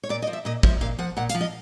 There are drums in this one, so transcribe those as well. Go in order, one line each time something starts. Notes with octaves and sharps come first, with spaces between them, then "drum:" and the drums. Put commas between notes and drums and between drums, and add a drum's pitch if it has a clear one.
C#5
A#2 D5
D#5
F3
E5
A#2 D#5
F3 E5, drum: kick
A#2 F5
F3 F#5
A#2 F#5
F5, drum: hi-hat
F3
D#5